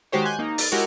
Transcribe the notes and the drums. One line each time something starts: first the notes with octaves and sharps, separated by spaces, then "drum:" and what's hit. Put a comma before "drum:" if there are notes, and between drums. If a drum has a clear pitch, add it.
D#3 G#3 F#4 G4 C5 C#5
G#5 F#6 G6
A#3 D#4
A6, drum: open hi-hat
G#3 E4 F#4 G4 A#4 C#5